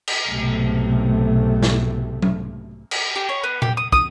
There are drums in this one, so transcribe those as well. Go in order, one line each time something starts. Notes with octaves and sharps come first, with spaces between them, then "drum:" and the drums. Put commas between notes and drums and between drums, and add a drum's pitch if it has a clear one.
drum: cymbal
B1 G#2 C3 A3
drum: snare
drum: tom F#3
drum: cymbal
G4
C#5
B3
G4, drum: tom A#2
D#6
D#6, drum: kick